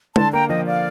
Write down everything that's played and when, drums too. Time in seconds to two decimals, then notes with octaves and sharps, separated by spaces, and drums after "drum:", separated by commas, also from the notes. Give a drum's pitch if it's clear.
0.16 D3 A5 C6, drum: tom
0.33 A#3 G5 A#5
0.49 F3 D#5 G5
0.66 D5 F5